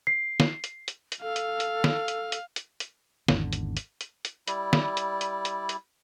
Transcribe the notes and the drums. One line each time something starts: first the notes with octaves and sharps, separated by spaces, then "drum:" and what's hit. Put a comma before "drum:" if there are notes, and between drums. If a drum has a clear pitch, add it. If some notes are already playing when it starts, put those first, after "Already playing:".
C7
drum: snare
drum: hi-hat
drum: hi-hat
drum: hi-hat
A4 F5
drum: hi-hat
drum: hi-hat
drum: snare
drum: hi-hat
drum: hi-hat
drum: hi-hat
drum: hi-hat
G#1 E2 D3, drum: snare
drum: hi-hat
drum: hi-hat
drum: hi-hat
drum: hi-hat
G3 E4 D5, drum: hi-hat
drum: snare
drum: hi-hat
drum: hi-hat
drum: hi-hat
drum: hi-hat